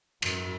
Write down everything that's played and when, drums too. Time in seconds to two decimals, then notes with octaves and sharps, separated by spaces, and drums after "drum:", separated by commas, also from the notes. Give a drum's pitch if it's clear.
0.22 F#2, drum: cymbal